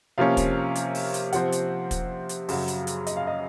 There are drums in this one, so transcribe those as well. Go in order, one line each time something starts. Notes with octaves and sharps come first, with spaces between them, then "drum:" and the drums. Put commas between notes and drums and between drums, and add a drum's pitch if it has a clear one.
C3 F3 A#3 C#4 F5
drum: kick, hi-hat
drum: hi-hat
drum: open hi-hat
drum: hi-hat
C3 F3 C4 F#5, drum: hi-hat
drum: hi-hat
drum: kick, hi-hat
drum: hi-hat
F#2 C#3 F#3, drum: open hi-hat
drum: hi-hat
drum: hi-hat
D#5, drum: hi-hat
F5
D#5